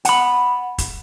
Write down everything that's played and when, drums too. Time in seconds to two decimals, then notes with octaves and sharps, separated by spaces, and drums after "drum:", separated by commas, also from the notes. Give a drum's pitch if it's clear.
0.05 F#5 B5, drum: hi-hat
0.78 drum: kick, hi-hat